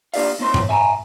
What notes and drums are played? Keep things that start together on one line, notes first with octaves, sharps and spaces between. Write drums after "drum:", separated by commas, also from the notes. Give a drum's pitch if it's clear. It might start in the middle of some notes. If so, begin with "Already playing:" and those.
A#3 D4 G4 D5 F5, drum: open hi-hat
D#3 A#3 C4 C#5 C6
drum: tom G#2
E5 G5 G#5 A#5